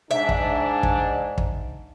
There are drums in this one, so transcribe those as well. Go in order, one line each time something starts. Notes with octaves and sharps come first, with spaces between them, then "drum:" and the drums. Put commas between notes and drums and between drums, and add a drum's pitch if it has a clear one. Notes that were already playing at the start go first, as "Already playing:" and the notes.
G#2 D4 E5
drum: kick
drum: kick
drum: kick